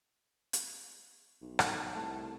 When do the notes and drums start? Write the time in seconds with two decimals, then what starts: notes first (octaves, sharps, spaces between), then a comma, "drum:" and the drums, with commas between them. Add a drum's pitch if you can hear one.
0.53 drum: hi-hat
1.41 B1
1.59 drum: rim click
1.96 C2 A3 A5